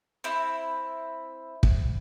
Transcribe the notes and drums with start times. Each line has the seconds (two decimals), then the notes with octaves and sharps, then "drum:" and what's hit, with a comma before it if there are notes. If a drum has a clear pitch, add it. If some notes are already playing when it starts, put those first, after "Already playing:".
0.24 C4 E4
1.63 drum: kick